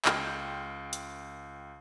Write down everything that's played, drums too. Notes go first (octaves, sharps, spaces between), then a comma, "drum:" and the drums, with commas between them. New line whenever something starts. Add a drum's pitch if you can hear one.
C#2 G5 C6 F6 G6, drum: clap
drum: hi-hat